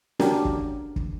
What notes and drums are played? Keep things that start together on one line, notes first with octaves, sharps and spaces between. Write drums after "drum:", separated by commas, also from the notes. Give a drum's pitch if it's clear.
C#4 D4 F#4 G4 A#4, drum: snare
drum: kick
drum: kick